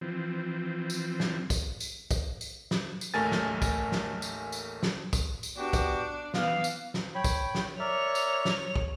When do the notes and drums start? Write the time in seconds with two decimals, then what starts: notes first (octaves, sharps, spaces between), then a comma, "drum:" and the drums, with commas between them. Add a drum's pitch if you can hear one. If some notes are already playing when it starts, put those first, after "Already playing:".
0.01 E3 F3 C4
0.90 drum: tambourine
1.20 drum: snare
1.50 drum: kick, tambourine
1.80 drum: tambourine
2.11 drum: kick, tambourine
2.41 drum: tambourine
2.71 drum: snare
3.01 drum: tambourine
3.14 A1 D#2 A3 A#4 G#5 A6
3.31 drum: snare
3.62 drum: kick, tambourine
3.92 drum: snare
4.22 drum: tambourine
4.52 drum: tambourine
4.83 drum: snare
5.13 drum: kick, tambourine
5.43 drum: tambourine
5.57 B3 D4 F#4 G4
5.73 drum: kick, tambourine
6.34 E3 B3 F5, drum: snare
6.64 drum: tambourine
6.94 drum: snare
7.15 C#5 G5 B5
7.24 drum: kick, tambourine
7.55 drum: snare
7.79 A#4 C#5 D5 E5 F7
8.15 drum: tambourine
8.45 drum: snare
8.76 drum: kick